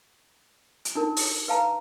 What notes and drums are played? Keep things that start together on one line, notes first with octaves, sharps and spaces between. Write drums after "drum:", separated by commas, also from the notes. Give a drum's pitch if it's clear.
drum: hi-hat
D4 D#4 A#4
drum: open hi-hat
B4 F5 A5 A#5